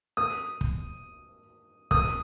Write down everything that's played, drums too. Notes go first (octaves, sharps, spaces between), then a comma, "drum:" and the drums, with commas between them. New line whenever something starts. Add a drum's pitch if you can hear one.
D#6
drum: kick
D#6, drum: kick